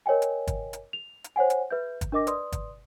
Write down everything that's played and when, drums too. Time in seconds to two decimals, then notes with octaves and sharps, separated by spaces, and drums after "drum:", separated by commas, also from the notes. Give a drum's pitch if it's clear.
0.06 A#4 C#5 D#5 G5 G#5
0.22 drum: hi-hat
0.47 drum: kick G1, hi-hat
0.73 drum: hi-hat
0.93 F7
1.24 drum: hi-hat
1.36 C5 C#5 F#5 G#5
1.50 drum: hi-hat
1.70 G#4 B4 E5 G6
2.01 drum: kick G1, hi-hat
2.12 D4 A#4 D#5 D6 A#6
2.27 B4 D5 C6 D#6, drum: hi-hat
2.52 drum: kick G1, hi-hat